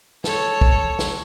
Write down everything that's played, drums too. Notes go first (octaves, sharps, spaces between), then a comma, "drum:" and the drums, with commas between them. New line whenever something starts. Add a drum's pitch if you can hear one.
A4 C#5, drum: snare
drum: kick
drum: snare